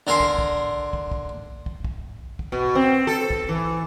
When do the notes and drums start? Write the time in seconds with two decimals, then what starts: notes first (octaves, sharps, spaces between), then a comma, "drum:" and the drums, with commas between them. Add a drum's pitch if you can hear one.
0.07 D3 A#4 G#5 C6
0.20 drum: kick
0.39 drum: kick
0.93 drum: kick
1.12 drum: kick
1.66 drum: kick
1.85 drum: kick
2.39 drum: kick
2.52 B2
2.75 C4
3.07 A4
3.30 drum: kick
3.49 E3